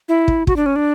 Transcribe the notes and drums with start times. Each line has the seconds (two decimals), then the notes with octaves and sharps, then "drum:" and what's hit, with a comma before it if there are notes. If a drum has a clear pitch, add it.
0.09 E4
0.28 drum: kick
0.47 F#4, drum: kick
0.56 D4
0.66 C#4
0.76 D4